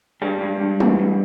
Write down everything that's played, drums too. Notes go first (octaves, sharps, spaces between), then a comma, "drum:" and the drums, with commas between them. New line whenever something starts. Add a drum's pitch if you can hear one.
G2 G3
G2
G2
E3, drum: tom
G2